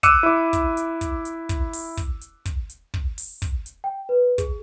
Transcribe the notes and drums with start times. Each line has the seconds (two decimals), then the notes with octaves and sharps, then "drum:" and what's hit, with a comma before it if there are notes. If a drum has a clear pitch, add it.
0.03 D6 E6 F#6 C#7 D#7 E7, drum: kick, hi-hat
0.23 E4 D6
0.53 drum: kick, hi-hat
0.77 drum: hi-hat
1.01 drum: kick, hi-hat
1.25 drum: hi-hat
1.49 drum: kick, hi-hat
1.73 drum: open hi-hat
1.97 drum: kick, hi-hat
2.21 drum: hi-hat
2.46 drum: kick, hi-hat
2.70 drum: hi-hat
2.94 drum: kick
3.18 drum: open hi-hat
3.42 drum: kick, hi-hat
3.66 drum: hi-hat
3.84 G5
4.09 B4
4.38 G#4, drum: kick, hi-hat